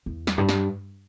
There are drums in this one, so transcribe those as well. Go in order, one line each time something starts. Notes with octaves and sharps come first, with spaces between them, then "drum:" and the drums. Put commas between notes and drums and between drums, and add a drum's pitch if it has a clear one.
E2
drum: snare
G2
drum: snare